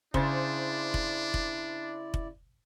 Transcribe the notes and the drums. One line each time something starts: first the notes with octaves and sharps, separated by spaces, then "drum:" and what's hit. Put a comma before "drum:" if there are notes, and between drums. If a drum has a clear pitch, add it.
C#3 D4 E4 C5 D5 A6, drum: kick F1
drum: kick F1
drum: kick F1
drum: kick F1